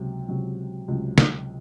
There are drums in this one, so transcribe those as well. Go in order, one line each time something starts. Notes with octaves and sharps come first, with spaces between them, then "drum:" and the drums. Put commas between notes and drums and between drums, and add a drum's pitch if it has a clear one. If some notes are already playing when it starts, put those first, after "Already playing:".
Already playing: C#2 C3 F#3
C#2 C3 F#3
C#2 C3 F#3
drum: snare